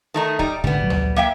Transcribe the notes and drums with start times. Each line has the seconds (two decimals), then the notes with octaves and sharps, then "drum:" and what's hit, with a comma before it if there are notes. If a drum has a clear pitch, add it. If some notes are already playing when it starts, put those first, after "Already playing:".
0.14 D#3 A3 D#4
0.39 G3 D#4, drum: kick
0.64 A1 G#2 D3 G3 B3
0.79 A#1 F3 F#3
0.90 drum: tom D2
1.16 A#3 E5 G5